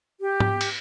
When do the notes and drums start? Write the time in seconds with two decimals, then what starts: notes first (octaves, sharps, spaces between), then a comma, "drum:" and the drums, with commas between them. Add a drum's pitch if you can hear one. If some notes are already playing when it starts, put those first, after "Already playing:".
0.20 G4
0.40 drum: tom G#2
0.61 drum: cymbal